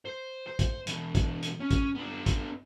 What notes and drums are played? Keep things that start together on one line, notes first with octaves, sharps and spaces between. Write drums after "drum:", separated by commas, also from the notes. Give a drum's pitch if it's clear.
C5
C5
drum: kick, hi-hat
B2 E3, drum: hi-hat
drum: kick, hi-hat
drum: hi-hat
C#4
drum: kick, hi-hat
B3 D4
drum: kick, hi-hat